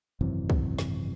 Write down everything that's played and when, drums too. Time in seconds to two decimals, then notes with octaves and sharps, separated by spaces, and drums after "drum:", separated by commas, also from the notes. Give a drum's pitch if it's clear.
0.21 G#1 F#2 C3 E3
0.50 drum: kick
0.79 drum: snare